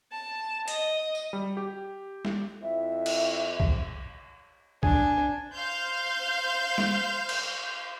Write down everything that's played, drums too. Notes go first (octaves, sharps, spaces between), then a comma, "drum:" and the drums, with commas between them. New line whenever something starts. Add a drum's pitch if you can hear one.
A5
D#5 D#6, drum: hi-hat
drum: tambourine
G3
G4
drum: snare G#3
F2 E4 E5
drum: cymbal
drum: kick
D4 G#5, drum: kick
C5 F5 C6 G6
drum: snare G#3
drum: cymbal